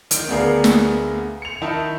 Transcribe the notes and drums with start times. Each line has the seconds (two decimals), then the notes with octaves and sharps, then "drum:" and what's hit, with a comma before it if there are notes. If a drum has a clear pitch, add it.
0.11 D#3 D7, drum: hi-hat
0.28 D2 B3 D4 G#4 A#4 F5
0.64 drum: snare
1.42 C#7 F7
1.62 D#3 D#4 E4 A5